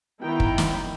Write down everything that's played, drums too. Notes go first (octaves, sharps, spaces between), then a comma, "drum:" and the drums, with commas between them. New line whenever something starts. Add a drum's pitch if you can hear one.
D#3 B3 E4 G5 A#5
drum: kick
drum: snare